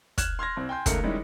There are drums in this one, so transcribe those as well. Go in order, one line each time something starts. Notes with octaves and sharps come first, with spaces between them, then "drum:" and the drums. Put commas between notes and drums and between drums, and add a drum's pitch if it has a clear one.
F6 F#6 G#6 E7, drum: kick, hi-hat
C6 F6 G#6 A#6
C2 C4
G5 G#5 C6 G6
C#2 D#3 A3 A#4 C#7, drum: kick, hi-hat
D#3 G3 G#3 C#4 D#4 E4